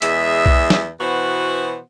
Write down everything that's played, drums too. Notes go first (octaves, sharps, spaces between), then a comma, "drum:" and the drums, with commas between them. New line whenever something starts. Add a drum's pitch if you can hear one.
E2 G#3 G#4 E5, drum: hi-hat
drum: kick B1
drum: snare
B2 E3 B3 F#4 C5 F#5